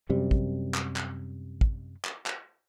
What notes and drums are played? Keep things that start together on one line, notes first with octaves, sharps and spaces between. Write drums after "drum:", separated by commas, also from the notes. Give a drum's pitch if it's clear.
F#2 C3 G3
drum: kick
drum: clap
drum: clap
drum: kick
drum: clap
drum: clap